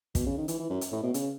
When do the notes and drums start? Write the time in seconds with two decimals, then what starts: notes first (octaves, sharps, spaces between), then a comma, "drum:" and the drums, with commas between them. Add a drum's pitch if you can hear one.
0.15 B2, drum: kick, hi-hat
0.26 C#3
0.38 D#3
0.48 E3, drum: hi-hat
0.59 E3
0.70 F#2
0.81 drum: hi-hat
0.92 A2
1.03 B2
1.14 C#3, drum: hi-hat